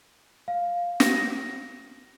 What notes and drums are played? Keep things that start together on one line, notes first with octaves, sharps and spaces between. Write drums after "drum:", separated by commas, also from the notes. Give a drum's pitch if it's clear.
F5
A#6, drum: snare